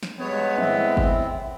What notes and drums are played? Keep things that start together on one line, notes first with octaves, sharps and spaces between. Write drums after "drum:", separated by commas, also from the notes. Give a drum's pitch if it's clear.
drum: snare
G2 F#3 G#3 B3 C#5
A2 C4 E5, drum: tom D#3
drum: kick G1